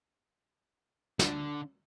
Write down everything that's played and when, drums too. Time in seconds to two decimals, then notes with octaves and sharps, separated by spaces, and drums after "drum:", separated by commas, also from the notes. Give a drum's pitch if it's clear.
1.19 D3, drum: snare